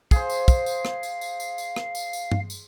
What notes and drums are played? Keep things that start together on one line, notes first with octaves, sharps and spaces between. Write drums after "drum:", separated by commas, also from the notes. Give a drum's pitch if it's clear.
G#4 C5 F5, drum: kick, tambourine
drum: tambourine
drum: kick, tambourine
drum: tambourine
drum: rim click
drum: tambourine
drum: tambourine
drum: tambourine
drum: tambourine
drum: rim click
drum: tambourine
drum: tambourine
drum: tom G2
drum: tambourine